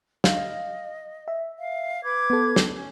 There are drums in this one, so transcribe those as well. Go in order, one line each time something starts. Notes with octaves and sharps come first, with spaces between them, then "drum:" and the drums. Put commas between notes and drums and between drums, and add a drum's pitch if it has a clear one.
D#5 F5, drum: snare
E5
F5
B4 D6 G#6
B3 A4
drum: snare
C#4